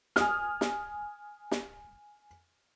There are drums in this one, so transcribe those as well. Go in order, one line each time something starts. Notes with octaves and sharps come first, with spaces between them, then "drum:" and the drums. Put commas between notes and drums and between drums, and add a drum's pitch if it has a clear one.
G#5 D#6 F6, drum: snare
drum: snare
drum: snare